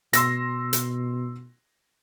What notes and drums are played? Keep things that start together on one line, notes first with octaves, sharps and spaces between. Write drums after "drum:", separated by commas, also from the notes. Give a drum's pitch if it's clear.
B2 C6 E6 A#6, drum: hi-hat
drum: hi-hat